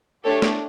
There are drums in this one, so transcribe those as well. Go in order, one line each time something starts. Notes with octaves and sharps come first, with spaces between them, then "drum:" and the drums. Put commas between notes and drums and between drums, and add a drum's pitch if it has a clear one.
A3 D4 G4 A4 C#5
drum: snare